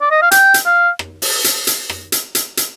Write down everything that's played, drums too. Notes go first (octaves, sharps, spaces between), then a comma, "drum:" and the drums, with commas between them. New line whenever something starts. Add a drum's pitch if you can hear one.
D5
D#5
F5
G5, drum: hi-hat
drum: hi-hat
F5
drum: rim click
drum: open hi-hat
drum: hi-hat
drum: hi-hat
drum: rim click
drum: hi-hat
drum: hi-hat
drum: hi-hat